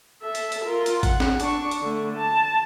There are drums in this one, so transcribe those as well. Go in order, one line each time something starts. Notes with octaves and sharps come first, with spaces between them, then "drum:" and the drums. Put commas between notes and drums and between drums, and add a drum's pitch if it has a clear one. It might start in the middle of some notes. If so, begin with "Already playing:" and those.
A4 E5
drum: hi-hat
drum: hi-hat
F4 A#4
drum: hi-hat
F#5, drum: kick A1, hi-hat
drum: snare
D4 C#6, drum: hi-hat
drum: hi-hat
D3 A3
A5